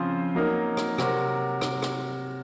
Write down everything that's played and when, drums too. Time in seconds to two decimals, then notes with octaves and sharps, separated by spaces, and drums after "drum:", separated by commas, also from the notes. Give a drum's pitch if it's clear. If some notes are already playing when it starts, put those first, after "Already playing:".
Already playing: C#3 F3 C4 F4 C5
0.35 F#3 A#3 D#4 A#4
0.77 drum: rim click
0.98 C3 F#3 C4 F#4 A#4, drum: rim click
1.61 drum: rim click
1.82 drum: rim click